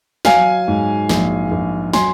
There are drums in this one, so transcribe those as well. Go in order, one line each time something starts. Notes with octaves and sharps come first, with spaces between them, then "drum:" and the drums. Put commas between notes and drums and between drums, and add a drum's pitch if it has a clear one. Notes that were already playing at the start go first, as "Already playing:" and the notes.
F#3 F5 G#5, drum: snare
G#2
A#1, drum: snare
A#1
F#3 G#5 C6, drum: snare